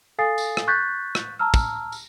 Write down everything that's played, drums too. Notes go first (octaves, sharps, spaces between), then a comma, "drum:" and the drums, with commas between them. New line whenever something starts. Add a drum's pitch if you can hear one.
A4 F5 G#5 D#6 A6 C7
drum: tambourine
drum: rim click
C#6 F#6 G6 A6 B6
drum: rim click
A5 A#5 E6 F6
drum: kick, tambourine
drum: tambourine